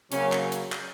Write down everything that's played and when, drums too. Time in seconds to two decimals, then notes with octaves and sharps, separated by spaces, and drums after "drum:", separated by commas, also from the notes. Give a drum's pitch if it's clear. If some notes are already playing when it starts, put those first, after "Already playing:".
0.12 C#3 F#3 A#3 C#4, drum: hi-hat
0.32 drum: clap
0.52 drum: hi-hat
0.72 drum: clap